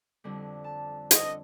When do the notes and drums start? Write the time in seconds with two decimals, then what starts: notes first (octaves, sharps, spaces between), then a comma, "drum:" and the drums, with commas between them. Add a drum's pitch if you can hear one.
0.24 F2 D3 G3
0.64 A5
1.11 D3 C5 D#5, drum: hi-hat